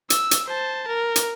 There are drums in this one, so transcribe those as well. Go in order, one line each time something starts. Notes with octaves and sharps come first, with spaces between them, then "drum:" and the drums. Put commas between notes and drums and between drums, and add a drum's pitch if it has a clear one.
E6, drum: hi-hat
drum: hi-hat
C5 A5
A#4
drum: hi-hat